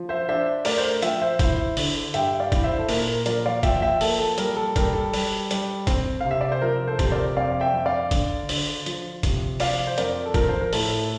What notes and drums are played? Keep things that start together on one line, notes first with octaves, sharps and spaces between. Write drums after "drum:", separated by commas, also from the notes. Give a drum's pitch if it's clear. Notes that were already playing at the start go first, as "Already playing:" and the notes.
Already playing: F3
C5 E5
D4 C5 E5
A3 A#4 D5, drum: open hi-hat
C5
A#4
F3 E5 G5, drum: hi-hat
C5 E5
E4 C5 E5, drum: kick, hi-hat
D3, drum: open hi-hat
G2 E5 G5, drum: hi-hat
D5 F5
E4, drum: kick, hi-hat
C5 E5
A4
A#2 A#4, drum: open hi-hat
A#4
F3 A#4 D5, drum: hi-hat
D5 F5
F3 E5 G5, drum: kick, hi-hat
E5 G5
A#3 A4, drum: open hi-hat
A4
G3 A#4, drum: hi-hat
A4
G3 A#4, drum: kick, hi-hat
A4
G3, drum: open hi-hat
G3, drum: hi-hat
C4, drum: kick, hi-hat
C3 F5
E5
D5
C5
F3 A#4
A4 C5
C3, drum: kick, hi-hat
C5
A#4 D5
F2 D5 F5
E5 G5
F2
D5 F5
D3, drum: kick, hi-hat
D3, drum: open hi-hat
F3, drum: hi-hat
C3, drum: kick, hi-hat
F3 D5 F5, drum: open hi-hat
C5
F2 A#4 D5, drum: hi-hat
A4
F3 A#4, drum: kick, hi-hat
C5
A#4
A2 A4, drum: open hi-hat